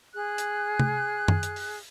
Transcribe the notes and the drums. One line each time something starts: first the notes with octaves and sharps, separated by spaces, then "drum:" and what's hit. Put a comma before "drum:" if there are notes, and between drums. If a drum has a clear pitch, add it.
G#4 F#6
drum: hi-hat
drum: tom C3
drum: tom F#2
drum: hi-hat
drum: open hi-hat